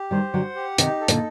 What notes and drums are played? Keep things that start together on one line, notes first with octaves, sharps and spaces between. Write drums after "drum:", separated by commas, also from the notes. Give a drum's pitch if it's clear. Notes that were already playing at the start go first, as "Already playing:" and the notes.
Already playing: G4
D#3 G3 C5
D3 F#3 F#5
G4
C3 D#3 D#4, drum: hi-hat
A4
A#2 D3, drum: hi-hat